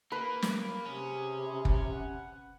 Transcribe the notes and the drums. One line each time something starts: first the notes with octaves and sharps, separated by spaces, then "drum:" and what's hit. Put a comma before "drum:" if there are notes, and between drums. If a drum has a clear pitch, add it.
A#3 B4
drum: snare
C3 C#4 G#4
drum: kick
F#5